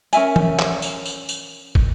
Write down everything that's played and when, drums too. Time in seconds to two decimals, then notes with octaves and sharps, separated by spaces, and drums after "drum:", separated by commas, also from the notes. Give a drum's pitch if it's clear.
0.13 C#4 A#4 E5 G#5, drum: tambourine
0.36 drum: tom E3
0.59 drum: clap
0.82 drum: tambourine
1.06 drum: tambourine
1.29 drum: tambourine
1.75 drum: kick